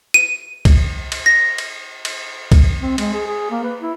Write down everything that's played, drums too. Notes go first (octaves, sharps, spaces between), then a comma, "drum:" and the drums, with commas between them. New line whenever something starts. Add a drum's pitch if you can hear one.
D#7
drum: kick C2, cymbal
drum: cymbal
A#6
drum: cymbal
drum: cymbal
drum: kick C2, cymbal
C4
G#3, drum: cymbal
G#4
G#4
A#3
B4
E4